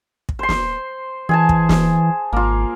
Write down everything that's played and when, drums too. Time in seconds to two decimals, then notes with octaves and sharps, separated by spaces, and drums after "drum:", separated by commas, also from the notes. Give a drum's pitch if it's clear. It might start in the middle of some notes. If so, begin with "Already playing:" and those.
0.29 drum: kick
0.39 C5 C6
0.49 drum: snare
1.29 E3 G#4 G#5 A5
1.49 drum: kick
1.69 drum: snare
2.33 G#1 A#3 F4